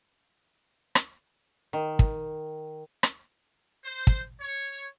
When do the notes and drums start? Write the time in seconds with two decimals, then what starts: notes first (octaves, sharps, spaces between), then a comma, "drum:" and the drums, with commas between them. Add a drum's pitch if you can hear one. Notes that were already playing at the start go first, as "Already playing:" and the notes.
0.95 drum: rim click
1.73 D#3
1.99 drum: kick
3.03 drum: rim click
3.85 C5
4.07 drum: kick
4.40 C#5